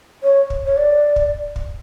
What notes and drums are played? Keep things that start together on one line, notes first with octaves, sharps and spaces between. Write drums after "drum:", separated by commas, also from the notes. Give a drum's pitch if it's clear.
C#5
drum: kick
C#5
D5
drum: kick
drum: kick